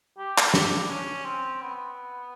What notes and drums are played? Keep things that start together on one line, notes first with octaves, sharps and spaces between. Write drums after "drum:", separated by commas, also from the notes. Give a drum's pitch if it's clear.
G4
drum: clap
D4, drum: snare
C#4
C4
B3